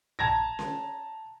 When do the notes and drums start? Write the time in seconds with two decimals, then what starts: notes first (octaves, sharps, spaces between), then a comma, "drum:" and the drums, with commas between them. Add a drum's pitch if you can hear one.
0.19 A5 A#5 G#6 A#6, drum: tom A#1
0.59 drum: snare C#4